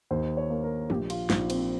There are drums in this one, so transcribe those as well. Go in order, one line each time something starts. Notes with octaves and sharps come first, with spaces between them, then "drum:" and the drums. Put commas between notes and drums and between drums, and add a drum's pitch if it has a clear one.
D#2 C5
C#5
A#3
A#4
A#1 G4, drum: tom
F4, drum: cymbal
A#1 D#4, drum: snare
C4, drum: cymbal